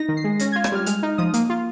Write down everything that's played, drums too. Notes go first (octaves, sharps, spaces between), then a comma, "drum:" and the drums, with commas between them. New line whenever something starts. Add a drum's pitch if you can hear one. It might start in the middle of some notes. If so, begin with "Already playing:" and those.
Already playing: D#4 A#6
D#3
C7
G#3
C#4 A#6, drum: hi-hat
G#6
F4
G#6, drum: rim click
G3 F6
G#3 F6, drum: hi-hat
D#4
F3 D#6
A#3, drum: hi-hat
F4